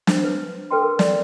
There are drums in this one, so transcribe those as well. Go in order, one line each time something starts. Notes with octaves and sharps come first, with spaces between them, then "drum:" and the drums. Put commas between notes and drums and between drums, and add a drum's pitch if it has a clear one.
D4 C5, drum: snare
B4
A4 B4 G5 C6
A#4
D5, drum: snare